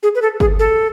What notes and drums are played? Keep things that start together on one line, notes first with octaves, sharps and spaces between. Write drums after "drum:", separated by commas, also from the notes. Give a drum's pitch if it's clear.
G#4
B4
A4
G#4, drum: kick
A4